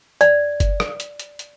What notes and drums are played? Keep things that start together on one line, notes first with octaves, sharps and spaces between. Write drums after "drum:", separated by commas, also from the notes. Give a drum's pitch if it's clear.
D5, drum: hi-hat
drum: kick F#1, hi-hat
drum: rim click
drum: hi-hat
drum: hi-hat
drum: hi-hat